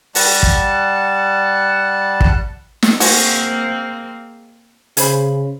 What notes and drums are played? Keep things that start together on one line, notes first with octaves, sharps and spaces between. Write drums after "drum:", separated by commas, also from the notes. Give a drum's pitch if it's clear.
G3 F#5 A5, drum: open hi-hat
drum: kick
drum: kick
drum: snare
G#3 A#3 C4 F#4 C5, drum: open hi-hat
C#3 G#4 C5 B5, drum: hi-hat